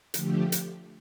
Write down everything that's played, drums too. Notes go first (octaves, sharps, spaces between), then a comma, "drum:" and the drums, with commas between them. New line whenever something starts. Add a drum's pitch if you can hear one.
D3 F3 A3 G4, drum: hi-hat
drum: hi-hat